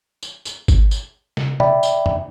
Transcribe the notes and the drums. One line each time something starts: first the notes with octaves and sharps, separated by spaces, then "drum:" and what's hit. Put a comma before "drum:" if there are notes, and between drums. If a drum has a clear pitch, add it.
drum: tambourine
drum: tambourine
drum: kick G#1, tambourine
drum: tambourine
drum: snare
D5 E5 G5 B5, drum: tom B2
drum: tambourine
drum: tom